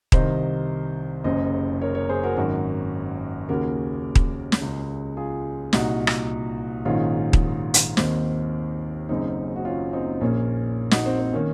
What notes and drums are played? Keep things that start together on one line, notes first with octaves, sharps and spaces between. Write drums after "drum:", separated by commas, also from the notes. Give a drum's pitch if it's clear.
C2 C3 D#3 C5 D#5, drum: kick D#1
F#1 F#2 C#3 C5 D#5
A#4 C#5
A#4 C#5
G#4 C5
F#4 A#4
G#1 F#2 D#3 F#4 A#4
D#2 C#3 F#4 A#4
drum: kick D#1
drum: snare
C#2 C#3
F4 G#4
C2 A#2 D#4 F#4, drum: snare
drum: rim click
A#1 G#2 D#3 C#4 F4
drum: kick D#1
drum: hi-hat
D#2 D#3 C4, drum: snare
F#1 F#2 C#3 C4 D#4
F#4
C#4 F4
C4 D#4
A#1 A#2 A#3 C#4
D#4 F#4, drum: snare
C4
C4
D#3 A#3 C#4